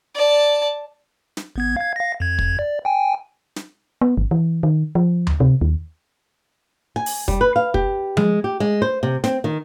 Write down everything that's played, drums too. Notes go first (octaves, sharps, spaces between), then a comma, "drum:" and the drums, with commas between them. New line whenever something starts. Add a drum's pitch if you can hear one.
D5 A5
drum: snare
G#1 B3 G#6
F5 G#6
F5 A#6
F2 G#6
drum: kick
D5
G5 G#5
drum: snare
B3
G#1
E3
D#3
F3
drum: tom D2
C3
D#2
G#5
drum: open hi-hat
G3, drum: kick
B4
F5
G4, drum: kick
G#3, drum: tom F3
G4
G#3
C5
C3
C4, drum: snare
D#3